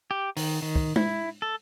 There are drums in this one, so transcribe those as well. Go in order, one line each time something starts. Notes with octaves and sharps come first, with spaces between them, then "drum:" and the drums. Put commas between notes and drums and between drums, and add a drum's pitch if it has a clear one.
G4
D#3, drum: open hi-hat
D#3
drum: kick
E4, drum: tom G#3
A4